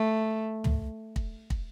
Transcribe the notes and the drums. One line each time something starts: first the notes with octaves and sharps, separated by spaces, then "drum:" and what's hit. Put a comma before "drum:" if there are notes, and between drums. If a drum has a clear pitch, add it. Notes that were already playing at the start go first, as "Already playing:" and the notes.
Already playing: A3
drum: tom
drum: kick
drum: kick